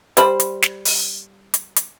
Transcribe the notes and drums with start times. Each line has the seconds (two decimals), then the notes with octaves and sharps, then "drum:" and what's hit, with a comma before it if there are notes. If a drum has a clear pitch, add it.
0.17 G3 C5 B5, drum: hi-hat
0.40 drum: hi-hat
0.62 drum: snare
0.85 drum: open hi-hat
1.54 drum: hi-hat
1.76 drum: hi-hat